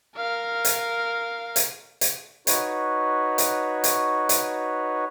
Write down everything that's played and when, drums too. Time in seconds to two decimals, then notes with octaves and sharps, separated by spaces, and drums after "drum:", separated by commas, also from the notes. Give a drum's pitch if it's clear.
0.17 A#4 F5
0.65 drum: hi-hat
1.56 drum: hi-hat
2.01 drum: hi-hat
2.47 D#4 F#4 B4 C#5, drum: hi-hat
3.38 drum: hi-hat
3.84 drum: hi-hat
4.29 drum: hi-hat